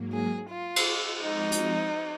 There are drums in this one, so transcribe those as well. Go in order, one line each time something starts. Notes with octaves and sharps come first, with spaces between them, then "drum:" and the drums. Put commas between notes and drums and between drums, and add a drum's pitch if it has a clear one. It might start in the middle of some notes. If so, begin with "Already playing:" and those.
Already playing: G#2 F#3 A#3
G#4
F4
drum: cymbal
F3 G#3 C4 D#4 F#4
drum: hi-hat